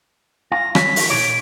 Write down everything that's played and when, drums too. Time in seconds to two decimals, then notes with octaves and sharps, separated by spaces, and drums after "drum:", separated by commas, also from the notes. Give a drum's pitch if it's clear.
0.52 F4 A#6
0.75 C#5 B6, drum: rim click
0.96 drum: open hi-hat
1.10 A#2 D#3 C#5 D7